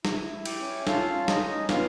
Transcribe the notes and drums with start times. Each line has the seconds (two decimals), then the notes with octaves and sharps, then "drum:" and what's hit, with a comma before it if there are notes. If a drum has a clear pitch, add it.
0.05 E4, drum: snare
0.33 E4
0.45 G4 G5, drum: cymbal
0.60 C#4
0.87 F4 A4 F5, drum: snare
1.15 C#4
1.28 D#4 D#5, drum: snare
1.42 C#4
1.69 B3 F4 F5, drum: snare